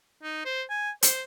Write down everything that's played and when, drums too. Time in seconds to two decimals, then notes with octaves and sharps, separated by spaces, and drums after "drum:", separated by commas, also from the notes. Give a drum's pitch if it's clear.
0.23 D#4
0.45 C5
0.70 G#5
1.02 C5, drum: hi-hat